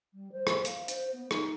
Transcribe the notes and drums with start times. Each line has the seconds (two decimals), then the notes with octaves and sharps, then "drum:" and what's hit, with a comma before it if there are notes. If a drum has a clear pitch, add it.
0.14 G3
0.32 C5
0.47 drum: rim click
0.65 F5, drum: hi-hat
0.88 C5, drum: hi-hat
1.13 B3
1.31 D#4, drum: rim click